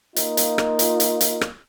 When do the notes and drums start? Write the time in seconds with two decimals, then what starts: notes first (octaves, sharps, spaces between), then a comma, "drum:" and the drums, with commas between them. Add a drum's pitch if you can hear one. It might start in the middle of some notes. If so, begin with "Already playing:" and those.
0.16 A#3 D#4 F4, drum: hi-hat
0.37 drum: hi-hat
0.58 drum: rim click
0.79 drum: hi-hat
1.00 drum: hi-hat
1.21 drum: hi-hat
1.41 drum: rim click